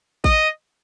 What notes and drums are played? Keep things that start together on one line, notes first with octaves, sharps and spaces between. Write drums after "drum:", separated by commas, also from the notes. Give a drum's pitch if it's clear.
D#5, drum: kick